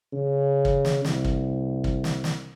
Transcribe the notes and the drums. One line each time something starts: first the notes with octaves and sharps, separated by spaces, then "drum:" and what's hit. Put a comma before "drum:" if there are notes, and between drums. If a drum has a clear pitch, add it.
C#3
drum: kick
drum: snare
C2, drum: snare
drum: kick
drum: kick
drum: snare
drum: snare